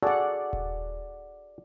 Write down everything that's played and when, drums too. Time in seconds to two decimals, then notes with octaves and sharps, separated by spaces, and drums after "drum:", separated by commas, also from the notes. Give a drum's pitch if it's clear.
0.03 F#4 G#4 A4 D5 F#5
0.53 drum: kick D#1